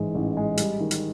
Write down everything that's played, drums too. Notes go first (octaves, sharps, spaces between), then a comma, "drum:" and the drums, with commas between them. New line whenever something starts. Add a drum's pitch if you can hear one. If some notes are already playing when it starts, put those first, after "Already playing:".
Already playing: A1 G#2 E3 G#3
A1
G#3
G3, drum: hi-hat
D#3
drum: hi-hat